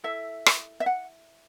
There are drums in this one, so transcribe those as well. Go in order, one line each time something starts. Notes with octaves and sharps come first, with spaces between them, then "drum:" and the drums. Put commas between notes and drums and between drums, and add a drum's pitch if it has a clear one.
E4 A4 E5
drum: rim click
E5
F#5